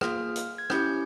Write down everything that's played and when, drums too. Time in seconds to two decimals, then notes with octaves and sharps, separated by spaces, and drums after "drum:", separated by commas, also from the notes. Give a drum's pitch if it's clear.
0.01 A#3 F4 G#4 F6, drum: rim click
0.36 drum: hi-hat
0.58 G#6
0.70 C#4 E4 G4 G6, drum: rim click